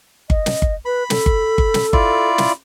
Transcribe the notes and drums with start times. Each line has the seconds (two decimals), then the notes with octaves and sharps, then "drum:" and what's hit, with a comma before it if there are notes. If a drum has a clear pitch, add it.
0.30 D#5, drum: kick G1
0.46 drum: snare
0.62 drum: kick G1
0.85 B4 B5
1.10 A4, drum: snare
1.26 drum: kick G1
1.58 drum: kick G1
1.74 drum: snare
1.93 E4 F4 D5, drum: kick G1
2.38 drum: snare